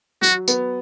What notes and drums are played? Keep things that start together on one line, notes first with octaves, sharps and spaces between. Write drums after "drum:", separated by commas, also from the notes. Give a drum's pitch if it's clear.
F#3 F#4
B3, drum: tambourine